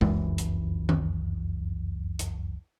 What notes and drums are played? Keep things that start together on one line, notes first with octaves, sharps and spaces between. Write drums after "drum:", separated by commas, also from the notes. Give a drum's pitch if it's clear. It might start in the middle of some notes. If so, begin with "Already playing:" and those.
F1 C#2 F#2 E3, drum: tom G#3
drum: hi-hat
drum: tom D#3
drum: hi-hat